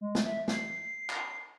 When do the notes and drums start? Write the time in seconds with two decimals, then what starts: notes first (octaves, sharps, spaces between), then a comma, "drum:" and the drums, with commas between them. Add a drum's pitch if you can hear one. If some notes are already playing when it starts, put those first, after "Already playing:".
0.01 G#3
0.15 drum: snare
0.26 E5
0.48 C7, drum: snare
1.10 drum: clap